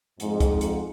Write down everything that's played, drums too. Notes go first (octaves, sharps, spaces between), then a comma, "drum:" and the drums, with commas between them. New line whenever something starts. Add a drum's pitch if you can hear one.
F2 G#2, drum: hi-hat
drum: kick, hi-hat
drum: hi-hat